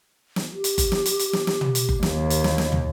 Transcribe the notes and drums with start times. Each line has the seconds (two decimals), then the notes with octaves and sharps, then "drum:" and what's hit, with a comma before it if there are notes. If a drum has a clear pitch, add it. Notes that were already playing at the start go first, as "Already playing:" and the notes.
0.36 drum: snare
0.53 G4
0.64 drum: hi-hat
0.78 drum: kick F#1, hi-hat
0.92 drum: snare
1.06 drum: hi-hat
1.19 drum: hi-hat
1.33 drum: snare
1.47 drum: snare
1.61 drum: tom
1.75 drum: hi-hat
1.89 drum: kick F#1
2.03 D#2, drum: snare
2.30 drum: hi-hat
2.44 drum: snare
2.58 drum: snare
2.72 drum: tom